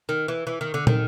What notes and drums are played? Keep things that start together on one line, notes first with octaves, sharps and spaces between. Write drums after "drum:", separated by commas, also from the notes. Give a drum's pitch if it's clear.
D#3
E3
E3
D#3
D3
D#3, drum: tom